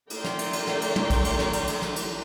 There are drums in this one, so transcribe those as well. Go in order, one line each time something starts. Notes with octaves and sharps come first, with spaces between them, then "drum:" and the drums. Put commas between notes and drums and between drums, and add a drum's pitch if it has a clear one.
D3 A3 A#4 D5 G5 C6, drum: cymbal
drum: snare
drum: cymbal
drum: cymbal
drum: snare
drum: cymbal
drum: tom
drum: kick A#1, cymbal
drum: cymbal
drum: snare
drum: cymbal
drum: cymbal
drum: snare
drum: cymbal